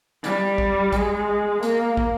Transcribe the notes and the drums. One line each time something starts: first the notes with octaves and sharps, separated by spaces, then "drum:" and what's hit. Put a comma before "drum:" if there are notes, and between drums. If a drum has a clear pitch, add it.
G3, drum: hi-hat
drum: kick
G#3, drum: kick, hi-hat
A#3, drum: hi-hat
drum: kick